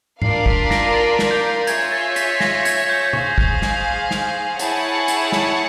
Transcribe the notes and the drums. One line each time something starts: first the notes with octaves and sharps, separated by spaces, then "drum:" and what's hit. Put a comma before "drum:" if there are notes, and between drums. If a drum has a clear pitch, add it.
D4 F4 A#4 D5 F5 C7, drum: tom G#2
B6, drum: kick
A#6, drum: snare
A6
drum: snare
G6
F4 G#4 C#5 E5 G#6, drum: hi-hat
A6
B6, drum: hi-hat
A#6, drum: snare
G#6, drum: hi-hat
G6
G#4 C5 F5 C#6, drum: tom C3
drum: kick
drum: snare
drum: snare
E4 G#4 C#5 F#5 A5, drum: hi-hat
drum: hi-hat
drum: snare